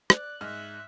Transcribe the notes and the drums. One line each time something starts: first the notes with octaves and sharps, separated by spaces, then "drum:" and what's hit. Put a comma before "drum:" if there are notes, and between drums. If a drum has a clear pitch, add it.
D5 F#6, drum: rim click
G#2 D#4 E5 F6